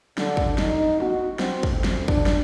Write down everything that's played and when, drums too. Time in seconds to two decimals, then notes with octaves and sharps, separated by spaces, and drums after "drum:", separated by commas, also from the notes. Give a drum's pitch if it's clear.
0.18 D3, drum: snare
0.37 drum: kick
0.58 D#4, drum: snare
1.00 F#4, drum: tom
1.39 C4, drum: snare
1.63 drum: kick
1.74 D2
1.84 drum: snare
2.08 D4, drum: kick
2.26 drum: snare